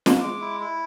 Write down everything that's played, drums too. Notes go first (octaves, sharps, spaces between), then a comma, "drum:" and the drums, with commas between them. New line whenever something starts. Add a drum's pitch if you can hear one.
drum: snare
G#3 D6
E4
E4